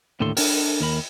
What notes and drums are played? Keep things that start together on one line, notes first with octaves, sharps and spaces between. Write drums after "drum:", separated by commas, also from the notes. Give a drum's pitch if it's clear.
D#2 A2 D3 A4 C6
D4 A4 A#4, drum: open hi-hat
D#2 A#4 B5